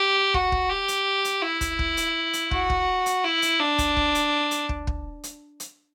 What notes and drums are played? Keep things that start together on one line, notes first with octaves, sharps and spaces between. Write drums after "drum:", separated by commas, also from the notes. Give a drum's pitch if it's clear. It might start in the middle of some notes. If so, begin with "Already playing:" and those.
Already playing: G4
F#4, drum: kick
drum: kick
G4
drum: hi-hat
drum: hi-hat
E4
drum: kick, hi-hat
drum: kick
drum: hi-hat
drum: hi-hat
F#4, drum: kick
drum: kick
drum: hi-hat
E4
drum: hi-hat
D4
drum: kick, hi-hat
drum: kick
drum: hi-hat
drum: hi-hat
drum: kick
drum: kick
drum: hi-hat
drum: hi-hat